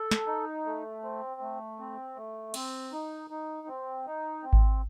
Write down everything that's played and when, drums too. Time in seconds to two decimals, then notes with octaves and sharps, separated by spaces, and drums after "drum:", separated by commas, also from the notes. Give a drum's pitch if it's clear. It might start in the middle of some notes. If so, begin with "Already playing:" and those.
Already playing: A4
0.11 drum: snare
0.27 D#4
0.65 A3
1.03 C4
1.41 A3
1.79 C4
2.16 A3
2.54 C4, drum: cymbal
2.93 D#4
3.30 D#4
3.67 C4
4.07 D#4
4.43 C4
4.53 drum: kick G#1